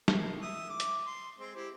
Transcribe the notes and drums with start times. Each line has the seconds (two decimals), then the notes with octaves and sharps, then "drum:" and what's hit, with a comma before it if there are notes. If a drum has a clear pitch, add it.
0.08 A#3, drum: snare
0.41 E5 D#6
0.69 D6
0.80 drum: hi-hat
1.06 C6
1.39 G#3 C4
1.55 C4 E4 G4